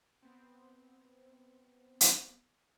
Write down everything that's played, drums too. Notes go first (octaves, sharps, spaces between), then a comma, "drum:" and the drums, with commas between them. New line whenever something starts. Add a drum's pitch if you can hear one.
B3 C4
drum: hi-hat